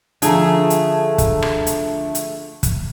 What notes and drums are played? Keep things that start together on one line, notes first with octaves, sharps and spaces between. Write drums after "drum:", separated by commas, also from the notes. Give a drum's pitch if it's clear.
D3 F3 A3 G#4 A#5, drum: hi-hat
drum: hi-hat
drum: kick, hi-hat
drum: rim click
drum: hi-hat
drum: hi-hat
drum: kick, hi-hat